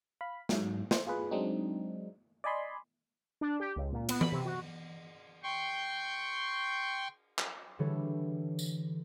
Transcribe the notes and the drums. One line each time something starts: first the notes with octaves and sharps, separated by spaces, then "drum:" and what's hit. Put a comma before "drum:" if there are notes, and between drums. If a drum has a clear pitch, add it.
F5 B5
G#2 F#3, drum: snare
C5, drum: snare
F4 G#4 B4
F#3 G#3 C4 D4 D#4
D5 D#5 G#5 B5 C6
D4
G4
C#2
A#2
B3, drum: cymbal
B5, drum: tom E3
C3
F#4
G5 C6 C#6
drum: clap
D3 E3 G3 A4 C#5
drum: tambourine